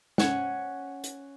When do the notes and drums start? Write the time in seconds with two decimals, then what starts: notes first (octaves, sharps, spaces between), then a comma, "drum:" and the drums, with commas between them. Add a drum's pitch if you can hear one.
0.18 C#4 C#5 F#5, drum: snare
1.04 drum: hi-hat